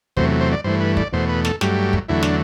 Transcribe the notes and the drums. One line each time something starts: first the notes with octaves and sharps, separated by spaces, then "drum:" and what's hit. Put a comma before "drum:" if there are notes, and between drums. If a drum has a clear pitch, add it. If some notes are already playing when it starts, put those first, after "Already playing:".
E2 C3 F#3 A3 C5, drum: kick
C5
D5
G2 E3 A3 C5
B4
D5, drum: kick
E2 B2 A3 C5
B4
A4, drum: snare
G2 F#3 A3 G4, drum: snare
drum: kick
E2 D3 F#3 A3 E4
D4, drum: snare